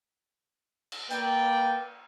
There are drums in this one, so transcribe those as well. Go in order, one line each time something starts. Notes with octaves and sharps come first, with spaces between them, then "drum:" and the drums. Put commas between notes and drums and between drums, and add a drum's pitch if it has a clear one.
drum: cymbal
A#3 B4 D5 G5, drum: hi-hat